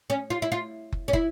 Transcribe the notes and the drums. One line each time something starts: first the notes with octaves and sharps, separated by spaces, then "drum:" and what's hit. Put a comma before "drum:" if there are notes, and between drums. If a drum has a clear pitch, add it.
C#4
F4
E4
F4
drum: kick
C#4
E4, drum: kick